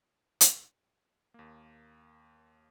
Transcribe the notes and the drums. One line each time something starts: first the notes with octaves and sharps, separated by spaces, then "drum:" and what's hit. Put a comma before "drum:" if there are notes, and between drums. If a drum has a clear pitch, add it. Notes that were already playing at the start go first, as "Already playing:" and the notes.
drum: hi-hat
D#2 A#3